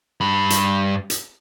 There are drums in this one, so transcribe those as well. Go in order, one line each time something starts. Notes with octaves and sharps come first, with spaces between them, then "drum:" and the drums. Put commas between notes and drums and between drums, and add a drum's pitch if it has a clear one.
G2 B5
drum: hi-hat
drum: hi-hat